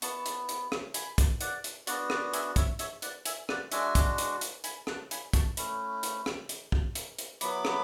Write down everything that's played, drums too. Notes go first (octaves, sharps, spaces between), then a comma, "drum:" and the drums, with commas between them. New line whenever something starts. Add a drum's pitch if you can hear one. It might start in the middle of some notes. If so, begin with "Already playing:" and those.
B3 E4 A5 C#6, drum: hi-hat
drum: hi-hat
drum: hi-hat
drum: rim click
G#5 B5, drum: hi-hat
drum: kick, hi-hat
D5 F#5, drum: hi-hat
drum: hi-hat
B3 D4 F#4 D5 F#5, drum: hi-hat
D5 F#5, drum: rim click
E5 G#5, drum: hi-hat
C#5 E5, drum: kick, hi-hat
C#5 E5, drum: hi-hat
D5 F#5, drum: hi-hat
E5 G#5, drum: hi-hat
D5 F#5, drum: rim click
G#3 D4 F#4 E5 G#5, drum: hi-hat
drum: kick, hi-hat
drum: hi-hat
drum: hi-hat
G#5 B5, drum: hi-hat
F#5 A5, drum: rim click
G#5 B5, drum: hi-hat
A5 C#6, drum: kick, hi-hat
A3 C#4 E4, drum: hi-hat
drum: hi-hat
drum: rim click
drum: hi-hat
drum: kick
drum: hi-hat
drum: hi-hat
F#3 B3 E4 B5 D6, drum: hi-hat
drum: rim click